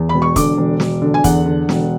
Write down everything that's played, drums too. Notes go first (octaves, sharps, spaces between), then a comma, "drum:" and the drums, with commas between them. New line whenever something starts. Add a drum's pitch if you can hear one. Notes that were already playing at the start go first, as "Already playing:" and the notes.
Already playing: E2
E1 B5
C#6
D3 D6, drum: kick, hi-hat
E1
E1, drum: snare
D3
G#5
E2 F#5, drum: kick, hi-hat
D3
E1, drum: snare